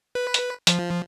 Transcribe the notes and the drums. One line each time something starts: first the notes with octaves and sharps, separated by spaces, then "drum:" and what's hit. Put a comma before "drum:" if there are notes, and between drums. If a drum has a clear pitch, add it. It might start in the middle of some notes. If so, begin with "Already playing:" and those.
B4
drum: hi-hat
F3, drum: hi-hat